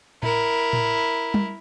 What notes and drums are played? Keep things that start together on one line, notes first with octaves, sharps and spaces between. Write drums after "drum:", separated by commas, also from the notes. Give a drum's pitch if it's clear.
E4 A#4, drum: tom A2
drum: tom A2
drum: tom